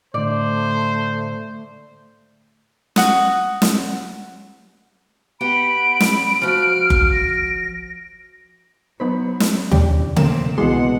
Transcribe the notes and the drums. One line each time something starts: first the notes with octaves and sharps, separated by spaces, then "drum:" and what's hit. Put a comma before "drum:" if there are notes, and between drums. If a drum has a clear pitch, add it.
A2 D3 A3 C5 D5
F#4 F#5 D#6, drum: snare
drum: snare
B3 G4 F#5 B5 D7
drum: snare
F3 F#4 F6
drum: kick F#1
A#6
F#3 B3 D#4 C5 B5
drum: snare
E2 C#3 D4 G4, drum: tom
A#2 C#3 A3 A#3 C4 E7, drum: tom C#3
C2 B2 E3 G#3 G#4 F#5 C6